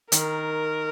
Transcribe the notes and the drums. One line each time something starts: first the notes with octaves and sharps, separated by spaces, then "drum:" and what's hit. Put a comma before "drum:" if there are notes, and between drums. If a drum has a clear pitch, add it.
D#3 A#4, drum: hi-hat